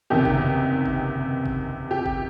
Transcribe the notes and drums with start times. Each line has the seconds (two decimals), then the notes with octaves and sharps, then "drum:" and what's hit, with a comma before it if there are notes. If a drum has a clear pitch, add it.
0.10 F#1 E2 C3 D#3 G4
0.25 drum: kick G1
0.86 drum: kick G1
1.46 drum: kick G1
1.91 G4
2.06 drum: kick G1